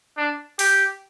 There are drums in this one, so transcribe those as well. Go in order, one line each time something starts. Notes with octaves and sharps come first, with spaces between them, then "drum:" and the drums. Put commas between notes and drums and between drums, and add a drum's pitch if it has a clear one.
D4
G4, drum: open hi-hat